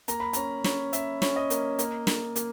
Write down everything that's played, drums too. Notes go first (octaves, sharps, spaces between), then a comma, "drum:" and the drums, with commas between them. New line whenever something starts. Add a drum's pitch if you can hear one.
A#3 A#5, drum: hi-hat
B5
C#4 A#5, drum: hi-hat
C#4, drum: snare
C#4 E5, drum: hi-hat
C#4, drum: snare
D#5
A#3, drum: hi-hat
A#3, drum: hi-hat
A#3, drum: snare
A#3, drum: hi-hat